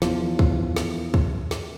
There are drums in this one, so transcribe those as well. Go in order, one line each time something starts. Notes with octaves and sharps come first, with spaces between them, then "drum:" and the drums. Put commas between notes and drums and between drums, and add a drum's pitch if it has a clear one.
E2 F3, drum: snare
drum: kick
drum: snare
drum: kick
drum: snare